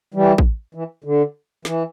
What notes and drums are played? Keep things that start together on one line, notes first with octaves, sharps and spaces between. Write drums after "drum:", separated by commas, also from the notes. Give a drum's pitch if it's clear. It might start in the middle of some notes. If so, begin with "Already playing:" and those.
E3 G3
drum: kick A1
E3
D3
E3, drum: snare